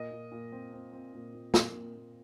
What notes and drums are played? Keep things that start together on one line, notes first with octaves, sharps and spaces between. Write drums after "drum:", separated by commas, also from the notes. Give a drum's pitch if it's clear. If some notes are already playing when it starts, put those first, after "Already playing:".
Already playing: A#2 D#5
A#2
A#2
C4
C4
C4
A#2
A#2
A#2, drum: snare
A#2
A#2